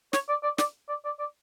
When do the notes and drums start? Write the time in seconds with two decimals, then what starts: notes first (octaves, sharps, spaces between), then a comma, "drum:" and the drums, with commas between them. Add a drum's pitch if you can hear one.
0.13 C#5, drum: snare
0.29 D5
0.43 D5
0.58 D5, drum: snare
0.89 D5
1.05 D5
1.19 D5